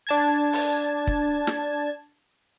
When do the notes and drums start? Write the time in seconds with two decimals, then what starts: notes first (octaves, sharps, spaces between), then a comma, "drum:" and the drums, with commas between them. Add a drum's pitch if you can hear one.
0.07 D4 A5 G#6
0.53 drum: open hi-hat
1.07 drum: kick
1.47 drum: snare